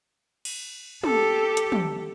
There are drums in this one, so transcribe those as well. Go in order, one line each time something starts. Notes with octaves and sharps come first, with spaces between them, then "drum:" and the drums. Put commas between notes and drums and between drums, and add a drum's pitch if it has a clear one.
drum: cymbal
G4 A4, drum: tom
drum: hi-hat
drum: tom